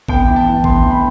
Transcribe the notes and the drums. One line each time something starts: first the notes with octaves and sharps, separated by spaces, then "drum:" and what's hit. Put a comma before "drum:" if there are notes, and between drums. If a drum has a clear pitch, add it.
B3 G5, drum: kick
E3
A5
E3
B3 C6, drum: kick
E3
B5